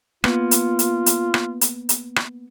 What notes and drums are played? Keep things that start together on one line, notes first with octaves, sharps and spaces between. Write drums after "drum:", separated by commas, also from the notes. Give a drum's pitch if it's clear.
A#3 B3 F4, drum: rim click
drum: hi-hat
drum: hi-hat
drum: hi-hat
drum: rim click
drum: hi-hat
drum: hi-hat
drum: rim click